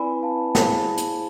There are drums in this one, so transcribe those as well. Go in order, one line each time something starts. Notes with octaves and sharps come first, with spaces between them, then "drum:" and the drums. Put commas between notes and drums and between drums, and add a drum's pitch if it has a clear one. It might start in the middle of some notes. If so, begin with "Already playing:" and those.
Already playing: C4 E4 B4 D5 G#5 B5
F5 A5
B5
E4 G#4 C5 F5 A5, drum: snare
drum: hi-hat